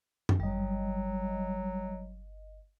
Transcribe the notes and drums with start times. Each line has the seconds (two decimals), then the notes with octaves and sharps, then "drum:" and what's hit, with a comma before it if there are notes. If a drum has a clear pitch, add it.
0.29 drum: tom F#2
0.40 G1 F#3 G3 D#5